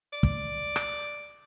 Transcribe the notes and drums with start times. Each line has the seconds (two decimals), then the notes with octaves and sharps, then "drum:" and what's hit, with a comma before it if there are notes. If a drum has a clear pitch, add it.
0.13 D5
0.23 drum: kick
0.76 drum: rim click